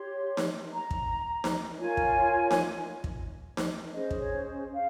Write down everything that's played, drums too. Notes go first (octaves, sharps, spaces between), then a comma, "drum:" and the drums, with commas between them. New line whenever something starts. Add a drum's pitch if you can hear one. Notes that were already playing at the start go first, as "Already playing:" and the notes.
Already playing: G4 C#5 C6
drum: snare D#4
A#5
drum: kick
drum: snare D#4
F4 A#4 C#5 G#5
drum: kick
drum: snare D#4
drum: kick
drum: snare D#4
C#4 G#4 C5 D#5
drum: kick
C#5
F5